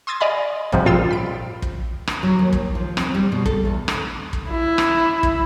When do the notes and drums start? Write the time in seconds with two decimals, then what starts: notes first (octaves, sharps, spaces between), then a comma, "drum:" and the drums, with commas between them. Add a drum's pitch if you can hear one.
0.07 C6 D#6 E6 G#6 A6
0.21 D5 D#5 F5 G#5 B5
0.72 G#2 C3 F3 G3, drum: kick
0.85 A#2 C#3 F4 C5 G5 E6
1.11 B5 D7
1.62 drum: kick
2.07 drum: rim click
2.23 F#3
2.39 D#2
2.53 drum: kick
2.75 F3
2.97 C4, drum: rim click
3.15 G3
3.32 B2
3.46 A4, drum: kick
3.65 E2
3.88 drum: rim click
4.33 drum: kick
4.50 E4
4.78 drum: rim click
5.23 drum: kick